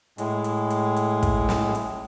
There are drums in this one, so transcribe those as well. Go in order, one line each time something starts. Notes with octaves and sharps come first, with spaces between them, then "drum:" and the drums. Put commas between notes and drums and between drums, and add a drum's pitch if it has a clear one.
A2 G#3, drum: hi-hat
drum: hi-hat
drum: hi-hat
drum: hi-hat
drum: kick, hi-hat
drum: snare
drum: hi-hat